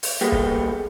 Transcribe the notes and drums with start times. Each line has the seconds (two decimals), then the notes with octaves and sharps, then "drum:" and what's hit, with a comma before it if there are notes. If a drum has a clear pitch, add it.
0.03 drum: open hi-hat
0.21 G3 A#3 B3 G#4 A4 G5
0.32 drum: kick